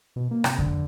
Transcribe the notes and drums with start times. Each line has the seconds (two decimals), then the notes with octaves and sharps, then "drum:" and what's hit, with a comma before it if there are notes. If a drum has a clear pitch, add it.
0.16 B2
0.31 A#3
0.44 C3, drum: rim click
0.58 D3, drum: kick F2